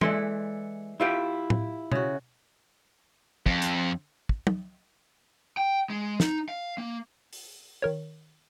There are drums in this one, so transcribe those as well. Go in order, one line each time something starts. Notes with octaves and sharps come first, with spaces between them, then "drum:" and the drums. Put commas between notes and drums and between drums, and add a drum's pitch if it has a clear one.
E3 G#3 E4 A4 D5 C6, drum: tom
E4 F4 G4 E5
drum: tom A2
C#3 F#4, drum: tom B2
F2, drum: kick
drum: hi-hat
drum: kick
drum: tom
G5
G#3
D#4, drum: snare
F5
A#3
drum: open hi-hat
D#3 A#4 C#5